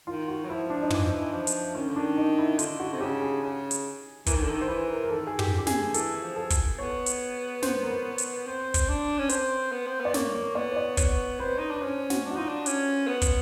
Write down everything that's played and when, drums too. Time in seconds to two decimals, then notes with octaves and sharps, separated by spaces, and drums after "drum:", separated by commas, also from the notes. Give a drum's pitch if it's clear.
0.07 D#3 F4
0.28 F#4
0.45 F#3
0.49 F3 E4
0.70 D4
0.82 D#4
0.90 E3 D4, drum: tom
1.03 F3
1.13 E3
1.33 F3
1.47 drum: hi-hat
1.75 D#3 C#4
1.87 D3
1.96 D#3 D4
2.17 D#4
2.38 E4
2.59 D3 F4, drum: hi-hat
2.80 F#4
2.93 C3
3.01 C#3 G4
3.22 G#4
3.42 C#3
3.71 drum: hi-hat
4.26 E3 A#4, drum: kick, hi-hat
4.35 D#3
4.43 D3
4.47 D#3 A4
4.61 C5
4.68 E3 B4
4.90 A#4
5.03 A#4
5.10 D#3 A4
5.27 G#4
5.39 G4, drum: tom
5.52 D3
5.58 G4
5.67 G#4, drum: snare
5.94 E3 A4, drum: hi-hat
6.22 F3
6.36 A4
6.50 drum: kick, hi-hat
6.78 B3 C#5
7.06 drum: hi-hat
7.62 C5, drum: snare
7.83 A#4
7.90 B4
8.18 drum: hi-hat
8.47 C4
8.74 drum: kick, hi-hat
8.89 D4
9.18 C#4
9.29 C4, drum: hi-hat
9.72 B3
9.86 C4
10.00 B3 D5
10.14 A#3 C#5, drum: snare
10.35 C#5
10.55 B3 D5
10.72 C#5
10.76 D5
10.97 B3 C#5, drum: kick, hi-hat
11.39 C4 B4
11.58 D#4
11.70 D4 B4
11.82 C#4 C5
12.10 F#4, drum: snare
12.24 D4
12.31 F#4
12.36 D#4 F4
12.48 D4
12.66 C#4, drum: hi-hat
13.07 B3
13.22 drum: kick, hi-hat